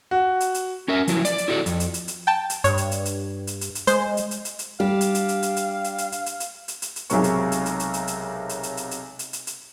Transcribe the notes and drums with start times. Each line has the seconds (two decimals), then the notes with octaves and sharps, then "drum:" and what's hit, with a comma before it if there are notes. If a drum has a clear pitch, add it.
0.11 F#4
0.40 drum: hi-hat
0.54 drum: hi-hat
0.88 C#4 A#4 E5
1.08 F3 F#3 E4, drum: hi-hat
1.25 D5, drum: hi-hat
1.38 drum: hi-hat
1.48 E4 F#4 A4 D5
1.66 F2, drum: hi-hat
1.80 drum: hi-hat
1.94 drum: hi-hat
2.08 drum: hi-hat
2.27 G5 A5
2.50 drum: hi-hat
2.64 G2 C#5, drum: hi-hat
2.78 drum: hi-hat
2.91 drum: hi-hat
3.05 drum: hi-hat
3.47 drum: hi-hat
3.61 drum: hi-hat
3.75 drum: hi-hat
3.87 G#3 C5, drum: hi-hat
4.17 drum: hi-hat
4.31 drum: hi-hat
4.45 drum: hi-hat
4.59 drum: hi-hat
4.80 G3 D4 G4 F5
5.01 drum: hi-hat
5.15 drum: hi-hat
5.29 drum: hi-hat
5.43 drum: hi-hat
5.56 drum: hi-hat
5.84 drum: hi-hat
5.98 drum: hi-hat
6.12 drum: hi-hat
6.26 drum: hi-hat
6.40 drum: hi-hat
6.68 drum: hi-hat
6.82 drum: hi-hat
6.96 drum: hi-hat
7.10 B1 C3 F#3 G#3 A#4 C#6, drum: hi-hat
7.24 drum: hi-hat
7.52 drum: hi-hat
7.66 drum: hi-hat
7.80 drum: hi-hat
7.94 drum: hi-hat
8.07 drum: hi-hat
8.49 drum: hi-hat
8.63 drum: hi-hat
8.77 drum: hi-hat
8.91 drum: hi-hat
9.19 drum: hi-hat
9.33 drum: hi-hat
9.47 drum: hi-hat